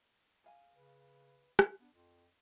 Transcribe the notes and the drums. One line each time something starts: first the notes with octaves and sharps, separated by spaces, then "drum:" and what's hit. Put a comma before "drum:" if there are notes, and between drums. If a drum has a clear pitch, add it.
G#4 F5 G#5
C#3 B4
drum: rim click
B3 D4
F2 F4